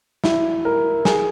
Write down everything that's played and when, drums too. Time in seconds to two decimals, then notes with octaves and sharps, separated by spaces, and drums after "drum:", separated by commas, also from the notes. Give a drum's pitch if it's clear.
0.24 E4, drum: snare
0.65 A#4
1.05 G#4, drum: snare